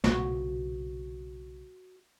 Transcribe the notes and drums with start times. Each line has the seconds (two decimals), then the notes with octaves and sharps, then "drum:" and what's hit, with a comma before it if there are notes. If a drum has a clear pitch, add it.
0.04 B1 A#2 C#3 F#4, drum: snare